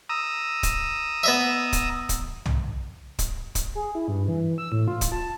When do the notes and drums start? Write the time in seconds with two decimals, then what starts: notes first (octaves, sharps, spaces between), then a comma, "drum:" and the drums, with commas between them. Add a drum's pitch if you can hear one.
0.09 A#5 D#6 E6
0.63 drum: kick D1, hi-hat
1.23 B3 D#5 E5
1.73 drum: kick D1, hi-hat
2.09 drum: kick D1, hi-hat
2.46 drum: tom
3.19 drum: kick D1, hi-hat
3.55 drum: kick D1, hi-hat
3.75 G#4
3.95 E4
4.08 G2
4.28 E3
4.58 E6
4.72 A2
4.87 F4
5.01 drum: kick D1, hi-hat
5.12 A5